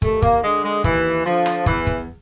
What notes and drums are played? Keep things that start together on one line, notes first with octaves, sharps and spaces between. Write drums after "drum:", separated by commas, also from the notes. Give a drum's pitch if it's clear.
D#2 A3, drum: kick
A#3, drum: kick
D3 G#3
G#3
D#2 E3, drum: kick
D3 F3
drum: rim click
E2 E3, drum: kick
drum: kick